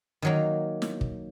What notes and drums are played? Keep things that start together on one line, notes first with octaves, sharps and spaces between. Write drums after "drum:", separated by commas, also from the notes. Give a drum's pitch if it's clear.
D#3 F#3 A#3
drum: snare
drum: kick